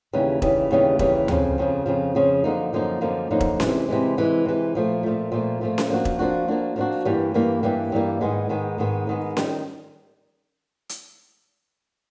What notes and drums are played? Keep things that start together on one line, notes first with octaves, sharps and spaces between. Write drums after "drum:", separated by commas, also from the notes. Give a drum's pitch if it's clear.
D#2 C#3 E3 G3
D#2 C#3 E3 G3, drum: kick E1
D#2 C#3 E3 G3
D#2 C#3 E3 G3, drum: kick E1
F2 C#3 F3, drum: tom D2
F2 C#3 F3
F2 C#3 F3
F2 C#3 F3
F#2 D3 F3 A#3 D#4
F#2 D3 F3 A#3 D#4
F#2 D3 F3 A#3 D#4
F#2 D3 F3 A#3 D#4
drum: kick E1
C3 E3 G#3, drum: snare C#4
C3 E3 G#3
C3 E3 G#3
C3 E3 G#3
A#2 F3 A3
A#2 F3 A3
A#2 F3 A3
A#2 F3 A3
drum: snare C#4
F3 A#3 D4 F#4
drum: kick E1
F3 A#3 D4 F#4
F3 A#3 D4 F#4
F3 A#3 D4 F#4
G2 E3 G3 A#3
G2 E3 G3 A#3
G2 E3 G3 A#3
G2 E3 G3 A#3
G#2 D#3 G#3 B3
G#2 D#3 G#3 B3
G#2 D#3 G#3 B3
G#2 D#3 G#3 B3
D#3 G3, drum: snare C#4
drum: hi-hat